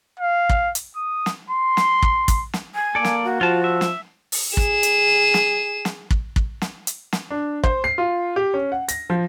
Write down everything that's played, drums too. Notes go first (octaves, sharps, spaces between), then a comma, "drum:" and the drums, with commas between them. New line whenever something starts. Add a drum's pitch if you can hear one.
F5
drum: kick
drum: hi-hat
D#6
drum: snare
C6
drum: snare
drum: kick
drum: kick, hi-hat
drum: snare
G#5
A#3 A4 D5
drum: snare
F#4
F3 F4 A5
E5
drum: snare
drum: open hi-hat
G#4 E7, drum: kick
drum: hi-hat
drum: snare
drum: snare
drum: kick
drum: kick
drum: snare
drum: hi-hat
drum: snare
D4
C5, drum: kick
C7
F4
G4
C#4
F#5
A#6, drum: hi-hat
F3